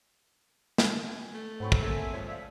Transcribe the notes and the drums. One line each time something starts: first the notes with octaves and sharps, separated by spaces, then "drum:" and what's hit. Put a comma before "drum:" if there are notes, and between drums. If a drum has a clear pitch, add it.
drum: snare
G#5
A3
G#2 F#3 C4 F#5 B5 C#6
drum: kick
A#3 C4 A4 E5 G#5
F3 G#3 C#5
D5 E5 F5